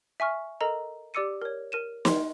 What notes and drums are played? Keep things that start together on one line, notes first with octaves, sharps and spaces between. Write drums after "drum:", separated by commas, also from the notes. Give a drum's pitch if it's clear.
E5 G#5 C#6 F6
A4 A#4 D#5 A#5
G4 D5 D6 E6 C#7 D#7
A#4 C#5
A#4 D#7 E7
C6, drum: snare